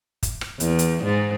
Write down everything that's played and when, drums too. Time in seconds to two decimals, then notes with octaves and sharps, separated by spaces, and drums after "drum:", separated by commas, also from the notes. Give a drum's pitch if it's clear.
0.23 drum: kick, hi-hat
0.41 drum: rim click
0.60 E2, drum: hi-hat
0.79 drum: hi-hat
1.04 G#2